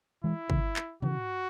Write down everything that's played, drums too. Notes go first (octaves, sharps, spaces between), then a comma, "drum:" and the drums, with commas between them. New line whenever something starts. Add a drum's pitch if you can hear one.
E3 G#3 E4
C#3 E3, drum: kick
drum: clap
C#3 E3 F#4, drum: tom